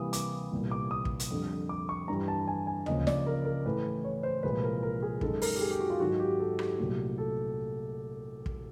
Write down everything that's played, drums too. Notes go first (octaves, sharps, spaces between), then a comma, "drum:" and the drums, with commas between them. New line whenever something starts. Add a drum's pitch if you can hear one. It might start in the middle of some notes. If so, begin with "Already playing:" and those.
Already playing: C3 E3 G3 A#3 D#6
D6, drum: hi-hat
C2 A#2 G3 B3
D6
D#6
drum: kick
drum: hi-hat
F2 D3 G3
D6
C#6
G2 E3 G3 A#5
A5
G#5
G#5
C#2 C#3 F3 A#3 C#4 D#5, drum: tom
D5, drum: snare
A#4
A#4
A2 E3 A3 B4
C#5
C5
C2 A#2 F3 G#3 B4
A#4
A#4
G#4
F#2 D#3 G#3 A4, drum: kick
A#4, drum: open hi-hat
G4
G#4
G4
F#4
F4
G#2 D#3 F#3 F#4
G4
A4
G4, drum: rim click
C2 A#2 F#3 A3
A4
drum: kick